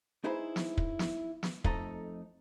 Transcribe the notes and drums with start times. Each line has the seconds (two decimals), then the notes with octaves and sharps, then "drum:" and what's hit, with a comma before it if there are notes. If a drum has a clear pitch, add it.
0.24 D#4 E4 G#4 B4 C5
0.56 drum: snare
0.77 drum: kick
0.99 drum: snare
1.43 drum: snare
1.64 F2 A3 D#4 A4 A#5, drum: kick